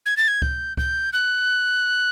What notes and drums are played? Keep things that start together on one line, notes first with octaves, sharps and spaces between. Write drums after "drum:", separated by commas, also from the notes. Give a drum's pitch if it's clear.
G#6
A6
G#6
G6, drum: kick C#2
G6, drum: kick C#2
F#6